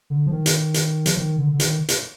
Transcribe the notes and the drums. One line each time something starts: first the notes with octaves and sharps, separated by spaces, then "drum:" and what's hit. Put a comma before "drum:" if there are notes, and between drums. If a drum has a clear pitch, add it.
D3
F3
D#3
drum: hi-hat
drum: hi-hat
F3, drum: hi-hat
D#3
D3
D3
D#3, drum: hi-hat
drum: hi-hat